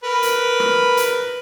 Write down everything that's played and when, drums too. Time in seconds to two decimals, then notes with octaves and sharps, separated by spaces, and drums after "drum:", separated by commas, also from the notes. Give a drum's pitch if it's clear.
0.04 A#4 B4
0.23 drum: hi-hat
0.60 drum: rim click
0.97 drum: hi-hat